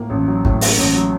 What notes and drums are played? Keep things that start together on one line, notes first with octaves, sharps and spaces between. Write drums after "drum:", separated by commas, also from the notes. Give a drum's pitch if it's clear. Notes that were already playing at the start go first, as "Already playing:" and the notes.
Already playing: A2 A#3
A1
F#3
A2, drum: kick
A#3, drum: open hi-hat
A1
F#3